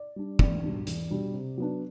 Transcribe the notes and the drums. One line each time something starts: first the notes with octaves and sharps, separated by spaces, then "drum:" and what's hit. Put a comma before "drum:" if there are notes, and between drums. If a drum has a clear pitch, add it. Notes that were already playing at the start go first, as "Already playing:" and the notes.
Already playing: D5
G3 D4
E2 D5, drum: kick
B2 G3 D4
E2, drum: hi-hat
B2 G3 D4
C3
F#3 B3 D4